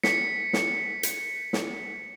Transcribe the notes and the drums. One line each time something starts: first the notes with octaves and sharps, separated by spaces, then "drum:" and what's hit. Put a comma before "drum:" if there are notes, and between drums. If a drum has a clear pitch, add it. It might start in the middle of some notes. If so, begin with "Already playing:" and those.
B6 C#7, drum: snare
drum: snare
drum: hi-hat
drum: snare